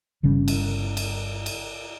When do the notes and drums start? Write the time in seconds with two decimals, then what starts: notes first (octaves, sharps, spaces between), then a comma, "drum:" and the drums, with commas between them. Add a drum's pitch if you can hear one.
0.23 G1 C#3 G3 C#4
0.48 drum: cymbal
0.97 drum: cymbal
1.46 drum: cymbal